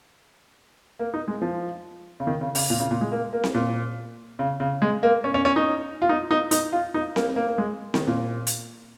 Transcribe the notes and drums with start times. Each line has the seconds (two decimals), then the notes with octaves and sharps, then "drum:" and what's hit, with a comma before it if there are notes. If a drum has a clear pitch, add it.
0.99 A#3
1.14 D#4
1.28 G#3
1.42 F3
2.20 C#3
2.27 D#3
2.41 C#3
2.55 C#3, drum: open hi-hat
2.70 A#2
2.80 C#3
2.91 A#2
3.01 G#3
3.12 A#3
3.33 A#3
3.44 drum: snare C4
3.54 A#2
4.39 C#3
4.60 C#3
4.82 G#3
5.03 A#3
5.24 C#4
5.34 C#4
5.45 C#4
5.56 D#4
6.02 F4
6.09 D#4
6.31 D#4
6.51 D#4, drum: hi-hat
6.73 F4
6.94 D#4
7.16 A#3, drum: snare C4
7.36 A#3
7.48 A#3
7.58 G#3
7.94 D#3, drum: snare C4
8.07 A#2
8.47 drum: hi-hat